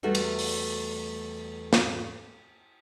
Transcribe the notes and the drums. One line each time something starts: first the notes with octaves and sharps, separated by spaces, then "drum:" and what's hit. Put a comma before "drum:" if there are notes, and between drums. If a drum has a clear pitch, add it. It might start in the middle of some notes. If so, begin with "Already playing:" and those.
E2 G3 A3 F#4
drum: cymbal
drum: open hi-hat
drum: snare